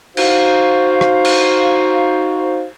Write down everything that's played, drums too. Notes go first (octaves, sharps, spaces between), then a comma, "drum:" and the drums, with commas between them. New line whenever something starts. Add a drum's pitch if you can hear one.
D#4 F#4 C5 F5, drum: cymbal
drum: rim click
drum: cymbal